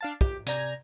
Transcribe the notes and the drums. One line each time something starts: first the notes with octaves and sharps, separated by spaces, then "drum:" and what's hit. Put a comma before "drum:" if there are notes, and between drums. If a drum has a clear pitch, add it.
D4 F5 A5
G4, drum: kick
C3 D5 G#5 A#5 G6 G#6, drum: hi-hat